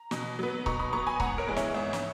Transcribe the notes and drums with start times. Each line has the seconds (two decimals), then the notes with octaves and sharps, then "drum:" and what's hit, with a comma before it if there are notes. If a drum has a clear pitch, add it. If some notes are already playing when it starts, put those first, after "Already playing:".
Already playing: A#5
0.11 B2, drum: snare
0.39 F#3 B3
0.66 B2 A#5 C#6, drum: kick C#1
0.79 B5 D#6
0.93 F#3 B3 A#5 C#6
1.07 G#5 B5
1.20 G#2 F#5 A#5, drum: kick C#1
1.38 A#4 C#5
1.47 E3 G#3 B3
1.56 C#5 E5, drum: snare
1.74 G#2 C#5 E5
1.93 drum: snare